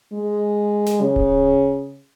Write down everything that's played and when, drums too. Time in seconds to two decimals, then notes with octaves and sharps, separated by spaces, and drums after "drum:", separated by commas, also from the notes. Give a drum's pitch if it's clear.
0.13 G#3
0.86 drum: snare
1.01 C#3
1.16 drum: kick D1